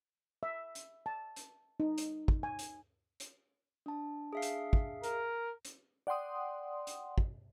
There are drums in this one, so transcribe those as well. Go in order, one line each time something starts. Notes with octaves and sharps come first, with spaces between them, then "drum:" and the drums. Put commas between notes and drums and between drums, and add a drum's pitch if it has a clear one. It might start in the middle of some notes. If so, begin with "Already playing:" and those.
E5
drum: hi-hat
A5
drum: hi-hat
D#4
drum: hi-hat
drum: kick
G#5
drum: hi-hat
drum: hi-hat
D4 A5
G#4 E5 F5
drum: hi-hat
drum: kick
A#4, drum: hi-hat
drum: hi-hat
D5 F#5 G5 C6 D#6
drum: hi-hat
drum: kick